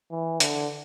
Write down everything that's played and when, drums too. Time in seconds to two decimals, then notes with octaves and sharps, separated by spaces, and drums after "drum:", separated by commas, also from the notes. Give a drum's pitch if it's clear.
0.11 E3
0.40 D3, drum: hi-hat